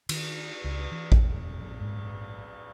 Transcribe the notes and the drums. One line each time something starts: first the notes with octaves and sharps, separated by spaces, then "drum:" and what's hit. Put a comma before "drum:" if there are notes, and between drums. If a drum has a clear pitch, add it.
D#3, drum: cymbal
C#2
E3
drum: kick A1
E1
G#2